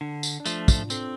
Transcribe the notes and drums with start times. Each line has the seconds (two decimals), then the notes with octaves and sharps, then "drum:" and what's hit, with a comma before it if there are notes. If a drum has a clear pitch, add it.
0.01 D3 D4
0.23 drum: tambourine
0.40 D4
0.46 F3 A3 F4, drum: tambourine
0.68 drum: kick, tambourine
0.90 C4 A4, drum: tambourine